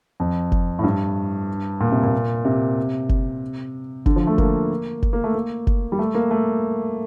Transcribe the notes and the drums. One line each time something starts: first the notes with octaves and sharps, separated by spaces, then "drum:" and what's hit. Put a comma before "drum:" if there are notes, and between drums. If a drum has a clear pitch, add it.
F2
drum: kick F#1
A2
G2
A#2
C3
A#2
C3
drum: kick F#1
D3, drum: kick F#1
F3
A3
A#3, drum: kick F#1
drum: kick F#1
A#3
A3
A#3
drum: kick F#1
G3
A3
A#3
A3